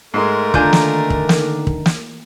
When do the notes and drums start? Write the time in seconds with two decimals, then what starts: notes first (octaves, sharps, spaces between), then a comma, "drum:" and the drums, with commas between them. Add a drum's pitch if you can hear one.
0.14 G#2 G#3 A3 A#4 C6
0.54 D3 D#3 D4 F4 G#5 A#5 G6, drum: kick
0.73 drum: snare
1.10 drum: kick
1.29 drum: snare
1.67 drum: kick
1.86 drum: snare